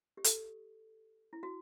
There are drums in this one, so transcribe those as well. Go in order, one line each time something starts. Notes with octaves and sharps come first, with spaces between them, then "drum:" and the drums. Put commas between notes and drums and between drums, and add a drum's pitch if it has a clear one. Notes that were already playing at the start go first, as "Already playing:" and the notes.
G4
A4, drum: hi-hat
E4
F#4